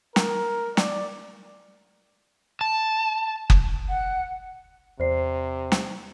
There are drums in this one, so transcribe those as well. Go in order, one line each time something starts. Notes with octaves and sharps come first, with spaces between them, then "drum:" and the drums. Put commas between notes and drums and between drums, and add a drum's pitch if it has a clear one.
A#4, drum: snare
D5, drum: snare
A5
drum: kick F#1
F#5
E2 C3 C5 D5 C7
drum: snare